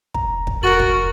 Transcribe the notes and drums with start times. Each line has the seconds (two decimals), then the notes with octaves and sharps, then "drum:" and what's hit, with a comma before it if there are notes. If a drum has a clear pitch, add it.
0.14 A#5, drum: kick
0.47 drum: kick
0.63 F2 F#4 A#4 C#6 A6 F#7
0.79 drum: kick